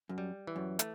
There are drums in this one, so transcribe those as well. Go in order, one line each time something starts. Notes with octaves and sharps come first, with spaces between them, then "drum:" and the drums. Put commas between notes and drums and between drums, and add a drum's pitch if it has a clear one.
F#2
G3
E3
F#2
A3, drum: hi-hat